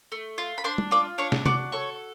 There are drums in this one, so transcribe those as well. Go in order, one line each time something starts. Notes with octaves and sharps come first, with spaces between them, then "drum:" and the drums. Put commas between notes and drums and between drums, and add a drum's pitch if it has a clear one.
A3
F4
B5
D4 C5 C6
drum: tom G3
F4 D5 D6
D4 C#5 C#6
drum: snare
F#4 D5 D6, drum: tom C3
A4 C#5 C#6